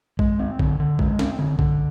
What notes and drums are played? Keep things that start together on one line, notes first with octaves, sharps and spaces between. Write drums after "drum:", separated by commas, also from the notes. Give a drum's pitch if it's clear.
G#3, drum: kick A#1
C4
D3, drum: kick A#1
D3
G#3, drum: kick A#1
C4, drum: snare
D3
D3, drum: kick A#1